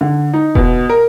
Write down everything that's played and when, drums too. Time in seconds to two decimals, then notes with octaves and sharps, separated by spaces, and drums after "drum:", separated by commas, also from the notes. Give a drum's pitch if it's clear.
0.01 D3
0.33 D#4
0.55 B2, drum: kick E1
0.89 A#4